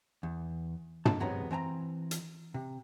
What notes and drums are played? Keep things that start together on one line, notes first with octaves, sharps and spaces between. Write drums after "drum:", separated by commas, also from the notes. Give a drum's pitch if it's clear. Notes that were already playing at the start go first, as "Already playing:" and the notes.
E2
A5, drum: tom
E2 C3 F#3 G#3 B3 A#5
E3 C4 G#5 A#5
drum: hi-hat
C3